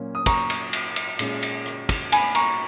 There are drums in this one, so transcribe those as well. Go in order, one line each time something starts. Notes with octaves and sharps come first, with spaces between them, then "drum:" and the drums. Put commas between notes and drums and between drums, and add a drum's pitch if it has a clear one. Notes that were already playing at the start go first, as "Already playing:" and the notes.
Already playing: A#2 F#3 A#3 C#4
D#6
A#5 C#6, drum: kick, cymbal
drum: cymbal
drum: cymbal
drum: cymbal
A#2 G#3 C#4, drum: cymbal
drum: cymbal
drum: rim click
drum: kick, cymbal
G#5 B5, drum: cymbal
A#5 C#6, drum: cymbal